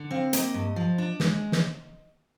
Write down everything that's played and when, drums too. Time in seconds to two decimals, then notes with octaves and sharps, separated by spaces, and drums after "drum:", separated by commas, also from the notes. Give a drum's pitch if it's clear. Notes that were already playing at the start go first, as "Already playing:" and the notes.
Already playing: D3
0.11 C4 F5
0.33 A#3 D#5, drum: hi-hat
0.54 G2
0.76 F3
0.98 D4
1.20 G#3, drum: snare
1.52 drum: snare